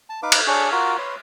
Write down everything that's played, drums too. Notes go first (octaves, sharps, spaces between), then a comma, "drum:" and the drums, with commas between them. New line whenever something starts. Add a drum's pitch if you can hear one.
A5
D#4 B4 F5 D6
drum: cymbal
D4 G#4 C#5 C#6
F4 F#4 A#4
B4 C#5 C6